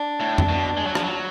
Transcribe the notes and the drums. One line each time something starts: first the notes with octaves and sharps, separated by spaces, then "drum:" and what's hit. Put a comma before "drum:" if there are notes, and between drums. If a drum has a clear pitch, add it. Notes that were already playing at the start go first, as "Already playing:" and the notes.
Already playing: D4
A2
drum: tom
B2
G#3
F#3
F3, drum: rim click
F#3